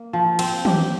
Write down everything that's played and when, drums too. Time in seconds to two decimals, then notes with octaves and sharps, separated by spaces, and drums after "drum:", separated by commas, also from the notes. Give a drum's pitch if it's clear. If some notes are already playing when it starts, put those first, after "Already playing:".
Already playing: A#3
0.13 F3
0.39 C4, drum: cymbal
0.65 G4, drum: tom